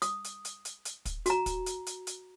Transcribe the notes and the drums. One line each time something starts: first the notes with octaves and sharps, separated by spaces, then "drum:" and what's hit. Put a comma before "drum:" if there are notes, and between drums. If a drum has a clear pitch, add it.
D#6, drum: hi-hat
drum: hi-hat
drum: hi-hat
drum: hi-hat
drum: hi-hat
drum: kick, hi-hat
F#4 A#5, drum: hi-hat
drum: kick, hi-hat
drum: hi-hat
drum: hi-hat
drum: hi-hat